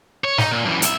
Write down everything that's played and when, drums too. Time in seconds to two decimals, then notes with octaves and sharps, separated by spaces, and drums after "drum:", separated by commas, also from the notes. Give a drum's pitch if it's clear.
0.24 C#5
0.38 D#4, drum: snare
0.51 A#2
0.65 F#2 E3
0.82 C2 E5, drum: hi-hat